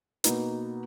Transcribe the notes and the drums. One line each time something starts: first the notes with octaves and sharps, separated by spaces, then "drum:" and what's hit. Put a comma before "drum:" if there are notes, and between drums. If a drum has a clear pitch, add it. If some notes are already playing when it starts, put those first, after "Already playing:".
B2 A#3 D#4 B4, drum: hi-hat